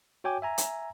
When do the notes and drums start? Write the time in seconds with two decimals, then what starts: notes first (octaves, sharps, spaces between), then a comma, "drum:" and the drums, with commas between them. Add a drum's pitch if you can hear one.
0.24 F#4 C#5 G5 G#5 D6
0.42 E5 G#5 A#5
0.58 drum: hi-hat